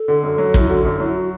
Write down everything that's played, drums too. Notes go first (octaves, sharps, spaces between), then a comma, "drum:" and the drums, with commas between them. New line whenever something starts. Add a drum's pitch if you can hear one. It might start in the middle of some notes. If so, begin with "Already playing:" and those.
Already playing: A4
D3
F#2
F#3
F#2 E4, drum: kick
D3 F#4
F#2 F#4
F#3 E4
F#4